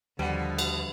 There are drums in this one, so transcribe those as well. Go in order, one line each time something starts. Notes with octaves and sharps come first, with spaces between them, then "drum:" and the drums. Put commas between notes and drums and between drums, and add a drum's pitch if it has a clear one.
D#2 B2 D3 F3 G3 F#5
drum: cymbal